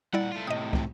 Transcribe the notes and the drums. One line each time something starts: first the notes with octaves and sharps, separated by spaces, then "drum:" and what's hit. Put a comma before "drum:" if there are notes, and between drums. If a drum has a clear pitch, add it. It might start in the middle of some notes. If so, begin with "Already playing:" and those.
A#2 G3 E4 D5 F#5
A3 F4
A2 C3 D#5 D#6
drum: kick